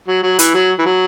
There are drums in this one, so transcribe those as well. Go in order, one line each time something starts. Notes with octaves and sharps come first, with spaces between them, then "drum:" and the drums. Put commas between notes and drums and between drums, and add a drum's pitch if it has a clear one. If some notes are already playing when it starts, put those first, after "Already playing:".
F#3
F#3
E3, drum: hi-hat
F#3
E3
F#3